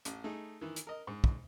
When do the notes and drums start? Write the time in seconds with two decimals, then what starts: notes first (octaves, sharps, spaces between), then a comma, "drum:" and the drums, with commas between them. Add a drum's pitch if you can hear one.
0.05 A1, drum: hi-hat
0.24 A3 D#4 G#4
0.61 D#3 E3
0.76 drum: hi-hat
0.87 A#4 D#5
1.07 G#2
1.24 drum: kick